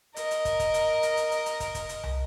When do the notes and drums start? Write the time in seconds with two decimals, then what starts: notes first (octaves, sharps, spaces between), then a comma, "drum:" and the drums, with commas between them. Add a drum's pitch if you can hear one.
0.16 A#4 D#5, drum: hi-hat
0.31 drum: hi-hat
0.45 drum: kick, hi-hat
0.60 drum: kick, hi-hat
0.74 drum: hi-hat
1.03 drum: hi-hat
1.17 drum: hi-hat
1.31 drum: hi-hat
1.46 drum: hi-hat
1.60 drum: kick, hi-hat
1.75 drum: kick, hi-hat
1.89 drum: hi-hat
2.03 drum: tom